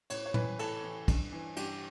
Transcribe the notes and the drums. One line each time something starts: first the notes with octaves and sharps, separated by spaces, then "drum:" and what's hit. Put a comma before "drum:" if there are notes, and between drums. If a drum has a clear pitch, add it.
A2 C#5, drum: cymbal
C#5
E3 B4, drum: tom
A2 A4, drum: cymbal
E3
G2, drum: kick, cymbal
E3
G2 G4, drum: cymbal